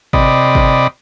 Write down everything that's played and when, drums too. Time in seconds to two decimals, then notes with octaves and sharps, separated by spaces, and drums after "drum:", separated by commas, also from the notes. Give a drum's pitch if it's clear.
0.13 C3 D5 D#5 B5, drum: kick
0.55 drum: kick